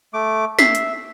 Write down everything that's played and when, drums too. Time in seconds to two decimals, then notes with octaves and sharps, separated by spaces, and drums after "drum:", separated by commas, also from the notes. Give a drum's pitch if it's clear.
0.14 A3 D6
0.59 E5 B6 C7, drum: snare
0.75 drum: hi-hat